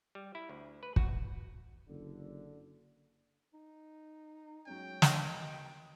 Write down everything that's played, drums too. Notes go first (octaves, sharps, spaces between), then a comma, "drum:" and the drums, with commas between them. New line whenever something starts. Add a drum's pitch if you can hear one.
G3
E4
D2
B4
F#4, drum: kick
F#1 D3
D#4
F#3 G#3 C#4 G5
D#2 B2 D#5, drum: snare